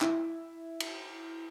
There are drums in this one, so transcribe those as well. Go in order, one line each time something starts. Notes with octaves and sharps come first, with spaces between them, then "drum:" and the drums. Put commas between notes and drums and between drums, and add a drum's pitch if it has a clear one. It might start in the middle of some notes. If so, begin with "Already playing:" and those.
E4, drum: clap
drum: cymbal